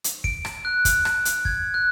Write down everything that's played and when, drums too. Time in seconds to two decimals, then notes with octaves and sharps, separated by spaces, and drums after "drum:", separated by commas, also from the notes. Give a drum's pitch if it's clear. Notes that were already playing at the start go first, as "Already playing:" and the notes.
0.04 drum: hi-hat
0.24 D7, drum: kick
0.45 drum: rim click
0.65 F#6
0.85 drum: kick, hi-hat
1.05 drum: rim click
1.25 drum: hi-hat
1.45 G#6, drum: kick
1.74 F#6